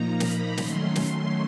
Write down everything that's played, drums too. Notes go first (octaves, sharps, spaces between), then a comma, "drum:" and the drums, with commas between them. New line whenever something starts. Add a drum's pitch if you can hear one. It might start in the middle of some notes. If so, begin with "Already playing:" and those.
Already playing: A#2 F3 A#3 D#4 A#5
B5, drum: snare
D#3 F#3 A3 C#4 C6, drum: snare
drum: snare